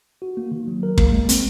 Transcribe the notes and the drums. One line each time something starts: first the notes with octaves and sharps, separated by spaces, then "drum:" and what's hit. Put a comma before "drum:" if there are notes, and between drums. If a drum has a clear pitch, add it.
F#4
A#3
D#3
F#3
A#4
A#3, drum: kick
G#3
C4, drum: hi-hat